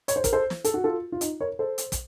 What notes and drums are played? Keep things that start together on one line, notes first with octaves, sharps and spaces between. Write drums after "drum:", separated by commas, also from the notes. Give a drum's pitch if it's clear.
C#5, drum: hi-hat
C5
A#4, drum: kick, hi-hat
A4 C5
drum: snare
A4, drum: hi-hat
F#4
F4 A4
F4
D#4, drum: hi-hat
A#4 C#5
A4 C5
drum: hi-hat
drum: kick, hi-hat